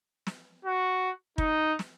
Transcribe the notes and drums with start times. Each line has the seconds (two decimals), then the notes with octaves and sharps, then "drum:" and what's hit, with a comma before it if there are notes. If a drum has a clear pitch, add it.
0.27 drum: snare
0.65 F#4
1.38 D#4, drum: kick
1.79 drum: snare